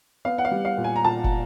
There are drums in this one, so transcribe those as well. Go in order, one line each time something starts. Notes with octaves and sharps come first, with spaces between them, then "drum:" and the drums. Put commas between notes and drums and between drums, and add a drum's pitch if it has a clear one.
B3 F5
F#5
F5
G3
F5
A#2
G#5
A#5
A#2 A5
drum: kick